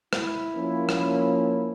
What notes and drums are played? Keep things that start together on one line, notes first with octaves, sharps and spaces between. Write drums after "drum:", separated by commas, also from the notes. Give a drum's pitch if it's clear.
E4, drum: rim click
F3 A#3 C#4
drum: rim click